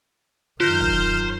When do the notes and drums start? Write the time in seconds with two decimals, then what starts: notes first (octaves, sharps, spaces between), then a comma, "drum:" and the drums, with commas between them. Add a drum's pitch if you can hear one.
0.60 F#2 D#3 F4 C5 F6 G6 A#6
0.80 drum: kick